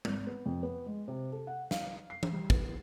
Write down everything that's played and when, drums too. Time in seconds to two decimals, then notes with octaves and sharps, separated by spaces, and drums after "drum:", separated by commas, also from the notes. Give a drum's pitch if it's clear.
0.05 G#1, drum: tom
0.27 B3
0.46 F2
0.63 B3
0.86 G#3
1.08 C3
1.32 A4
1.47 F#5
1.71 F5, drum: snare
2.10 C7
2.23 drum: tom E3
2.32 G3
2.50 B3, drum: kick